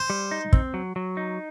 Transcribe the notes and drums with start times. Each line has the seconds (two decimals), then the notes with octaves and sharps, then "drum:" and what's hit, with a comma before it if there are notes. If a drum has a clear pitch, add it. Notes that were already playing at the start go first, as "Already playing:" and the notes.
Already playing: C5
0.10 G3
0.31 D#4
0.53 C4, drum: kick
0.74 F#3
0.96 F#3
1.17 D#4